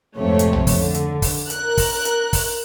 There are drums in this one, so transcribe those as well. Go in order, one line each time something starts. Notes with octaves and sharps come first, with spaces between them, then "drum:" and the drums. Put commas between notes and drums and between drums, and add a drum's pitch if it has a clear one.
F2 G#2 C3 F3 A3 C#5
drum: hi-hat
drum: tom A#1
drum: kick, open hi-hat
D3
drum: hi-hat
drum: kick, open hi-hat
A#4 F#6, drum: hi-hat
drum: kick, open hi-hat
drum: hi-hat
drum: kick, open hi-hat